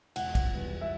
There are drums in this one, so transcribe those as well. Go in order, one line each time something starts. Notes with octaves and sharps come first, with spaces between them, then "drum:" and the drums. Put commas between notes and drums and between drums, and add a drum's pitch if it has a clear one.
E1 F#5, drum: cymbal
drum: kick, cymbal
E2 B2 G3
E5